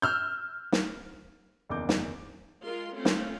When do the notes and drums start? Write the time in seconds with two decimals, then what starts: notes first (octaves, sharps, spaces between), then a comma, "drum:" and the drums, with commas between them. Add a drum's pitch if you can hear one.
0.02 E6 F6 G6
0.72 drum: snare
1.69 F#1 E2 D#3 D6 G6
1.89 drum: snare
2.65 G#3 F4 A#4 C6
2.95 A3 C4 C#4 F4
3.05 drum: snare